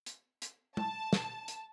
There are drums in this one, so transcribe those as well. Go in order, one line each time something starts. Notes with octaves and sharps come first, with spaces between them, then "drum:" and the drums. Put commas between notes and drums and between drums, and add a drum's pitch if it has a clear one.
drum: hi-hat
drum: hi-hat
A5, drum: tom
drum: snare
drum: hi-hat